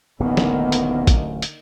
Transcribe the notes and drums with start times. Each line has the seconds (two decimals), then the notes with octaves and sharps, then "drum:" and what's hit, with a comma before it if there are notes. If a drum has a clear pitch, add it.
0.20 D1 A1 B2 D3 D#3 A#3 B3
0.37 drum: snare
0.72 drum: hi-hat
1.07 drum: kick A1, hi-hat
1.42 drum: hi-hat